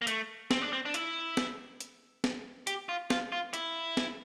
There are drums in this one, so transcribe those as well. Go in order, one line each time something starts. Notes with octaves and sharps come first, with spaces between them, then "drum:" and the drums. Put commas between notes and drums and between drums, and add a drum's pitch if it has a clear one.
A#3
A3, drum: hi-hat
C4, drum: snare
D4
C4
D4
E4, drum: hi-hat
drum: snare
drum: hi-hat
drum: snare
G4, drum: hi-hat
F4
F4, drum: snare
F4
E4, drum: hi-hat
drum: snare